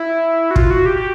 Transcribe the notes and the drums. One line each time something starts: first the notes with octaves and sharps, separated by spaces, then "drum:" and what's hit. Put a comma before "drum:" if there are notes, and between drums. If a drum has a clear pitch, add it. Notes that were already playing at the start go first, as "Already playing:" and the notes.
Already playing: E4
F#4
F4, drum: kick
F#4
G4
G4